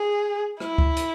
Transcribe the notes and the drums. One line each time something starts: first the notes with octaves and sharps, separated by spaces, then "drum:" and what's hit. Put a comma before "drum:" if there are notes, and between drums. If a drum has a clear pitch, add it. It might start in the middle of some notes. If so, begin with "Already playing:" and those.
Already playing: G#4
E4, drum: rim click
drum: kick C#2
drum: hi-hat